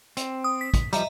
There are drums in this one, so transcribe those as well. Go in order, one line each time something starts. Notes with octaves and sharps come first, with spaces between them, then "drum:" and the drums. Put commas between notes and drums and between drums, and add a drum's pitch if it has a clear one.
C4, drum: hi-hat
D#6
B6
drum: kick, hi-hat
F3 G3 D#5 E5 A#5, drum: hi-hat